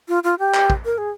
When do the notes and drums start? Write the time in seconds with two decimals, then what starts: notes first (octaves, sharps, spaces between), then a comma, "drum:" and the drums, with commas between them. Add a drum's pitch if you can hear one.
0.08 F4
0.24 F4
0.39 G4
0.54 drum: clap
0.70 drum: kick
0.85 A#4
0.98 G#4